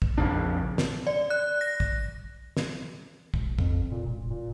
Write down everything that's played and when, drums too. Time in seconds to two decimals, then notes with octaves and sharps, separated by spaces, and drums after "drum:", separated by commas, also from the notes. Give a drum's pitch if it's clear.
0.02 drum: kick
0.18 A#1 F2 C#3 D4
0.78 drum: snare
1.07 D5
1.30 F#6
1.61 A#6
1.80 drum: kick
2.57 drum: snare
3.34 E1, drum: kick
3.59 F2, drum: kick
3.91 A#2
4.06 E1
4.30 A#2